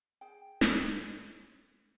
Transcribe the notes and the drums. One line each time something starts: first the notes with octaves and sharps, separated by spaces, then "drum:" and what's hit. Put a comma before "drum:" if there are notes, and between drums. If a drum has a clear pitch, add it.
G#4 G5
drum: snare